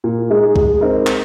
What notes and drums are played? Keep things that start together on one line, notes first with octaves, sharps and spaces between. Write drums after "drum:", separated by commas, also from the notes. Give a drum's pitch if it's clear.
A#2
G#3 D#4 G#4
G#3, drum: kick C2
C4 D#4 A#4
drum: clap